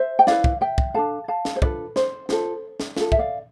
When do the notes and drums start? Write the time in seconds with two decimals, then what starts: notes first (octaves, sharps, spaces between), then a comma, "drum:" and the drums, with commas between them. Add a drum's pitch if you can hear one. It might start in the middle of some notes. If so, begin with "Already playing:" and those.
Already playing: C5 E5
0.19 G5
0.27 E4 B4 D5 F5, drum: snare
0.44 drum: kick
0.61 E5 G5
0.78 drum: kick
0.94 D4 F4 A4 F5 A5
1.28 F5 A5
1.45 drum: snare
1.56 C5
1.62 D4 F4 A4 B4 D5, drum: kick
1.96 C5, drum: snare
2.29 F4 A4 C5, drum: snare
2.80 drum: snare
2.97 F4 A4, drum: snare
3.12 E5, drum: kick
3.19 D5 F5